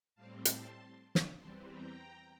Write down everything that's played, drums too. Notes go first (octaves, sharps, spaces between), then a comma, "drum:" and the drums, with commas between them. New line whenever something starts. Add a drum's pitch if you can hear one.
A2 G3 C4 F5 A5
A5 C6, drum: hi-hat
drum: snare
E2 E3 G3 C4 A5 C6
G5 A#5